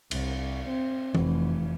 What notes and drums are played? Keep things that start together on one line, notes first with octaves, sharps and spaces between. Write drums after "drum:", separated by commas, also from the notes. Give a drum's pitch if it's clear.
C2, drum: cymbal
C4
F1 E3, drum: tom E3